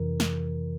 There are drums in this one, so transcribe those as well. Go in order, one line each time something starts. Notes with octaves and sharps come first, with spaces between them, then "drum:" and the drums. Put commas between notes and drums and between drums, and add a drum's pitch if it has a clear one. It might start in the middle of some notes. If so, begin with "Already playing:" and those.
Already playing: F2 C3 E3 A#4
drum: snare